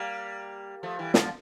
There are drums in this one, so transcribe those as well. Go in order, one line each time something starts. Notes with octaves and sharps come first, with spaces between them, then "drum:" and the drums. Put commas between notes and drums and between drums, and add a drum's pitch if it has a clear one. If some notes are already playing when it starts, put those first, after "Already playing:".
Already playing: G3 A#3
F3 A3
E3 G3
D3 F3, drum: snare